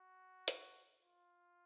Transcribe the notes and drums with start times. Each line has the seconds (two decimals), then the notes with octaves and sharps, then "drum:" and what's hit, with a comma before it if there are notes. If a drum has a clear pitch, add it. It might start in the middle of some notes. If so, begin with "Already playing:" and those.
Already playing: F#4
0.48 drum: hi-hat
1.01 F4